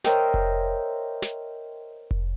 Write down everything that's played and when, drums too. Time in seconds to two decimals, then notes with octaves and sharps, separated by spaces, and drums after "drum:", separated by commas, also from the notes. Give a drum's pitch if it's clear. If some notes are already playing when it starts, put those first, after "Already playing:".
0.04 A#4 C5 C#5 D#5 E5 G5, drum: snare
0.34 drum: kick F1
1.22 drum: snare
2.11 drum: kick F1